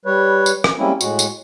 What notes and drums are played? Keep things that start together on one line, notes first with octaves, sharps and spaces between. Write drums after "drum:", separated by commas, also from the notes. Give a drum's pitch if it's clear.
G3 B4 C#5
drum: tambourine
drum: rim click
G3 G#3 A#3 C4 C#4 E4
A2 G#3 F#4, drum: tambourine
drum: tambourine